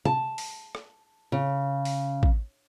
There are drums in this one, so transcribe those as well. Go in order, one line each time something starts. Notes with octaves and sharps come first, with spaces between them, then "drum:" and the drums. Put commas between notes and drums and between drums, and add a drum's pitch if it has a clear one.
A5, drum: tom C3
drum: open hi-hat
drum: rim click
C#3
drum: open hi-hat
drum: kick A1